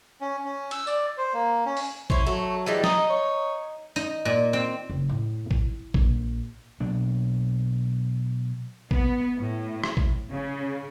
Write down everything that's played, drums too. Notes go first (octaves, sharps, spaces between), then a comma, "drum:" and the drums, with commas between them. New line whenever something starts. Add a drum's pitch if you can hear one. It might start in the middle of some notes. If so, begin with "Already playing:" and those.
C#4
C#4
E6, drum: cymbal
D5, drum: tambourine
C5
A#3
C#4
drum: open hi-hat
C#4 E4 C5, drum: kick
F#3 A3
E3 G3 G#3
D#4 D#5, drum: snare
C#5
D#4, drum: hi-hat
A#2
C4
F#1
A2
E4, drum: kick
A#1, drum: kick
B2 F#3 D4
B3, drum: kick
A2
drum: rim click
drum: kick
C#3